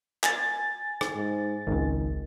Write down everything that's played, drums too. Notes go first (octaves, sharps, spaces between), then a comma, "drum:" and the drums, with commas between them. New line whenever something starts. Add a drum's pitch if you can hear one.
G#5 A6, drum: clap
drum: rim click
G#2
G#1 C#2 D#3